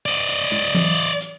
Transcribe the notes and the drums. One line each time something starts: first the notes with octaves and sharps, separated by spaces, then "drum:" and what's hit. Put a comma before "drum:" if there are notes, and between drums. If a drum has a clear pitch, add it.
D5 D#5
drum: hi-hat
drum: tom
drum: tom E3
drum: hi-hat